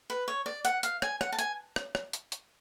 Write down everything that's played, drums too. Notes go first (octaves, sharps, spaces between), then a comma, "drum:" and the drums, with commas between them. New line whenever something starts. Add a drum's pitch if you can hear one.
B4
C#5
D5
F#5, drum: hi-hat
F5, drum: hi-hat
G#5, drum: rim click
F#5, drum: rim click
A5
G#5, drum: hi-hat
drum: rim click
drum: rim click
drum: hi-hat
drum: hi-hat